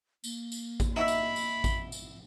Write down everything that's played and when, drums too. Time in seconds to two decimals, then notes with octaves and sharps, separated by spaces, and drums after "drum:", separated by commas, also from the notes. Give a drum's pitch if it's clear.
0.24 A#3, drum: tambourine
0.52 drum: tambourine
0.80 drum: kick A1, tambourine
0.96 D#4 E4 F#4 E5 B5
1.08 drum: tambourine
1.36 drum: tambourine
1.64 drum: kick A1, tambourine
1.92 drum: tambourine